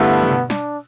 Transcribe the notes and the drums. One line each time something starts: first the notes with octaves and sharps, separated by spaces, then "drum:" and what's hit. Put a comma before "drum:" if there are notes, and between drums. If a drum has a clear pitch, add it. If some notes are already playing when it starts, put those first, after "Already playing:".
Already playing: G2 D3 A3 B3 E4
drum: tom
D4, drum: snare